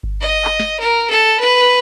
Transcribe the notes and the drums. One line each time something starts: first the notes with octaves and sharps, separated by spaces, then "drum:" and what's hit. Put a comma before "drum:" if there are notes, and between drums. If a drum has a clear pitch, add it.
drum: kick G1
D#5
drum: clap
drum: snare
A#4
A4
B4